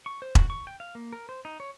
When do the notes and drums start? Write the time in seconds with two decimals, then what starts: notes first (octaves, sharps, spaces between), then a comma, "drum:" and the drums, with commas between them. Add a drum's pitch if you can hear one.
0.06 C#6
0.22 C5
0.35 F#4, drum: kick E1
0.50 C#6
0.67 G5
0.80 F5
0.95 A#3
1.13 A#4
1.29 C5
1.45 D#4
1.60 C#5